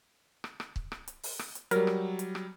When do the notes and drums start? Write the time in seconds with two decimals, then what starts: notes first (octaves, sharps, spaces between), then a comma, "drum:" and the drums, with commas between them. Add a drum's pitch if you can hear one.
0.44 drum: rim click
0.60 drum: rim click
0.76 drum: kick
0.92 drum: rim click
1.08 drum: hi-hat
1.23 drum: open hi-hat
1.39 drum: rim click
1.55 drum: hi-hat
1.71 F#3 G3 A#4, drum: hi-hat
1.87 drum: rim click
2.19 drum: hi-hat
2.35 drum: rim click